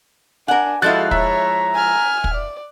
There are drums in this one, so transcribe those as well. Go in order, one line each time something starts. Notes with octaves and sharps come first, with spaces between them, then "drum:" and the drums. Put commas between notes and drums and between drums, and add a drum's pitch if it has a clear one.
D4 A#4 F#5 G#5
F3 G#3 E4 F#4 A4 F5 F#6 A6
C#5 E5 A#5, drum: kick
G#5 F6
drum: kick
D5